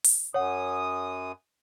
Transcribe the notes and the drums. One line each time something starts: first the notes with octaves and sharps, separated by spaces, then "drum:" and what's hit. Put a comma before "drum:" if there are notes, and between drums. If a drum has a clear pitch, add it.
drum: open hi-hat
F#2 C#5 F#5 D#6